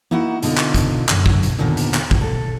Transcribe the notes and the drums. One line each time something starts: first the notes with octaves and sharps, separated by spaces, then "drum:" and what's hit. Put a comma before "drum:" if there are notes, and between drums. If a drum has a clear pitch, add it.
A#3 D#4 E4 F#4 F#5
B2 D3 D#4 F4, drum: hi-hat
drum: clap
drum: kick, hi-hat
F#2 D3 F#3, drum: clap
drum: kick
drum: hi-hat
D#2 A#2 D3 D#3 B3
drum: hi-hat
drum: clap
drum: kick
A4